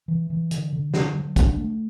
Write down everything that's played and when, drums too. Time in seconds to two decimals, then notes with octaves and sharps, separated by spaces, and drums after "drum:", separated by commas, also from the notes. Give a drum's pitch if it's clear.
0.08 E3
0.30 E3
0.51 D3, drum: hi-hat
0.73 D3
0.94 D3, drum: snare
1.14 F#3
1.36 D4, drum: kick, hi-hat
1.57 A3